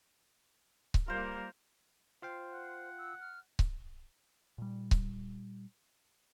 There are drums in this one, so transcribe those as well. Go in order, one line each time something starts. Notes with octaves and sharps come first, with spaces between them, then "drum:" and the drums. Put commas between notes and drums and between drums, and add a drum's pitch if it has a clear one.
drum: kick C#1
G3 A#3 F4 A#4 C5
F4 C5 F5 G5
F#5
E6
F6
drum: kick C#1
A#2 G3
drum: kick C#1